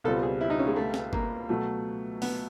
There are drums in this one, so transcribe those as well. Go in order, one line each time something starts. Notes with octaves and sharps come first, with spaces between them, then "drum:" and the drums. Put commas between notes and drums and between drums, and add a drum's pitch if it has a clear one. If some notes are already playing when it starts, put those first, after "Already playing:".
C#2 B2 G3 C4 F4 A4
G#4
E4
D#4
C#4
G#3
A3
drum: snare
A#3, drum: kick G1
B2 F#3 A3
B3, drum: open hi-hat